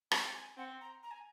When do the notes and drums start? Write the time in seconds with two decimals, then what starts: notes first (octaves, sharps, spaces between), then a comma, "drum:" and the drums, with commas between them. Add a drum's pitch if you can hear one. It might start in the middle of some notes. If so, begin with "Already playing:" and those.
0.11 C4 A#5, drum: rim click
0.34 G#5
0.57 C4 F#5
0.81 A#5
1.03 A#5
1.11 G#5